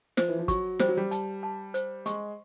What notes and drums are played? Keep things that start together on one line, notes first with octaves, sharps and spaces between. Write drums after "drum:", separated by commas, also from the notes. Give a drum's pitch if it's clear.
F3 C5, drum: snare
E3
F3
F#3 C#6, drum: kick, hi-hat
G3 C5, drum: snare
F#3
G3
A5, drum: hi-hat
A5
C5, drum: hi-hat
G#3 C#6, drum: hi-hat